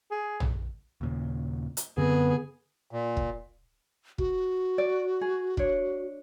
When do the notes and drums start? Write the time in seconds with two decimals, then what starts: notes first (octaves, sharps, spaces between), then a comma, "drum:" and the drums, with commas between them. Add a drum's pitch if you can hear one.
0.11 G#4
0.40 drum: tom A#1
1.01 D#2 A#2 C#3
1.77 drum: hi-hat
1.97 F#2 D3 B3 C4 G#4
2.91 A#2
3.17 drum: kick
4.18 F#4, drum: kick
4.78 D5
5.21 G#4
5.57 D4 C#5, drum: kick